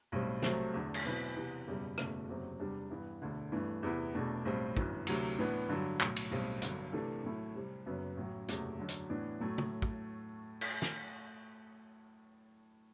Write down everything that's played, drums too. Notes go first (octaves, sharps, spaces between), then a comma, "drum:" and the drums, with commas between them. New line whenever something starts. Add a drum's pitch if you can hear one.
B1 A2 G3 C4
C2 C3 F#3 A3 C4, drum: snare
E2 D3 A3
drum: cymbal
B2 F#3 C4 E4 B4
C3 E3 B3
F#1 E2 B2 G3
F#1 E2 B2 A3, drum: rim click
F#1 E2 C3 F#3 C4
E2 C3 G3 D4
G2 E3 B3
E1 D2 D3
G1 G2 E3 A3 D4
E2 C3 E3 B3 E4
E1 E2 B2 A3 D4
B1 A2 G3 C4
G1 F#2 E3, drum: kick
D2 C3 F#3, drum: cymbal
A2 E3 B3 D4
G2 D3 F#3
B1 A2 F#3, drum: clap
drum: cymbal
B1 A2 G3 C4
G1 G2 D3 F#3, drum: hi-hat
C3 E3 A3 D4 A4
A2 F#3 A3 E4
C3 G3 C4
F#1 F#2 F#3 B3
A1 A2 F#3
F#1 E2 C3 F#3 A3, drum: hi-hat
F#2 D3 F#3
drum: hi-hat
A2 E3 B3 D4
A2 F#3 A3
drum: tom
drum: kick
drum: cymbal
drum: snare